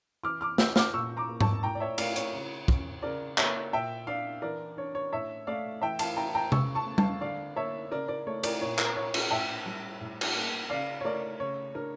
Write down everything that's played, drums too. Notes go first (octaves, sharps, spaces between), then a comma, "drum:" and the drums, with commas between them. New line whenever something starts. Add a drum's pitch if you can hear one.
E3 D6 F6
D6 F6
C#4 E6 G6, drum: snare
D6 F6, drum: snare
A#2 C#6 E6
A#5 D6
A#3
A5 C#6, drum: tom G#2
A2 G5 A#5
D5
C#5 E5
A3 D5 F5, drum: cymbal
C#5, drum: hi-hat
C#3
C#4, drum: kick
C#3 A#4 D5
A#3 C#5 E5, drum: clap
A#2 E5 G5
D4 D5 F5
E3 A#4 D5
D4 C#5
C#5
A2 C#5 E5
A3 D5 F5
E3 E5 G5
F5 A5, drum: cymbal
E4 G5 A#5
G5 A#5
C#3 C#6 E6, drum: tom C3
A5 C#6
A3
F5 A5, drum: tom G3
D3 D5 F5
A#3 C#5 E5
C#3 A#4 D5
A#4 D5
A3 C#5
A#4 D5, drum: cymbal
A#2 C#5
A#4, drum: clap
E4 C#5
A#4, drum: cymbal
A2 E5 G5
G3
A2
drum: cymbal
A#3
C#3 D5 F5
C#5
A3 A#4 D5
C#3 C#5
D4 A#4